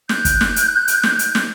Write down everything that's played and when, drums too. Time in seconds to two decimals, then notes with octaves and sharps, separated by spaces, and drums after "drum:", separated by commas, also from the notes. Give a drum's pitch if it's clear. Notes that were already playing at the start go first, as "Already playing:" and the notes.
0.09 F#6 G6, drum: snare
0.25 drum: kick, hi-hat
0.41 drum: snare
0.56 drum: hi-hat
0.88 drum: hi-hat
1.03 drum: snare
1.19 drum: hi-hat
1.35 drum: snare